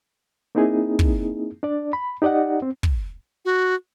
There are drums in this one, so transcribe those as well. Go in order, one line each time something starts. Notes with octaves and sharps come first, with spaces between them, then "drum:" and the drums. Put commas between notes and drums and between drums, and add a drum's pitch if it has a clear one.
A#3 C4 D#4 E4 G#4
drum: kick
D4 D5
B5
D#4 G4 D5 D#5 F#5
C4
drum: kick
F#4